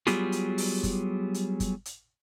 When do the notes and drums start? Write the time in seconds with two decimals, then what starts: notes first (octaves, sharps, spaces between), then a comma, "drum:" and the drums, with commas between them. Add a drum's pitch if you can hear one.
0.07 F#3 G3 B3 F4 G4 G#4, drum: hi-hat
0.32 drum: hi-hat
0.58 drum: open hi-hat
0.83 drum: kick F#1, hi-hat
1.34 drum: hi-hat
1.60 drum: kick F#1, hi-hat
1.85 drum: hi-hat